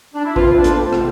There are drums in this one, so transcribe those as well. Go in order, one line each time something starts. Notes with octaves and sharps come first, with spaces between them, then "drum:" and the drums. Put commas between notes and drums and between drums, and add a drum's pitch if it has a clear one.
D4
E4
C4 F4, drum: kick A1
D4
A3, drum: hi-hat
C3, drum: rim click